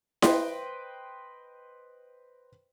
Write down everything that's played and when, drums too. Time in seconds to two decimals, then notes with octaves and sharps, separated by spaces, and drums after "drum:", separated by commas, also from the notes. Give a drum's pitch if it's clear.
0.22 B4 C5 D#5 G5 C6, drum: snare E4